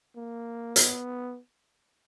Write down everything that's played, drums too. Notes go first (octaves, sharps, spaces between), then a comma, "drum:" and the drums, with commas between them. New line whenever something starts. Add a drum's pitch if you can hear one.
A#3
B3, drum: hi-hat